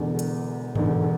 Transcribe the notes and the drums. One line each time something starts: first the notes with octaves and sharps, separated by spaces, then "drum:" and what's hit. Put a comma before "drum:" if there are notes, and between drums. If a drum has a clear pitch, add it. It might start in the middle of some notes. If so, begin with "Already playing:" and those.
Already playing: E1 E2 D3
drum: hi-hat
E1 E2 D3, drum: tom G2